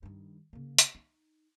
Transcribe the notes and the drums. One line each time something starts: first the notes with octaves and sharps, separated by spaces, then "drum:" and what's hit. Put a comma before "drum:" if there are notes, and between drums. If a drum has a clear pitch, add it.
G2 D#3
C#3 A#3
drum: hi-hat
D#4